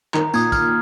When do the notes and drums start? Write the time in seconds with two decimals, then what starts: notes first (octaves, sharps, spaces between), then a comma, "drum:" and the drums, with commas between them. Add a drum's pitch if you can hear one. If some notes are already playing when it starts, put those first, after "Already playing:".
0.14 D#3 A#5, drum: clap
0.34 A#2 D#6 G#6, drum: tambourine
0.52 F6, drum: kick, tambourine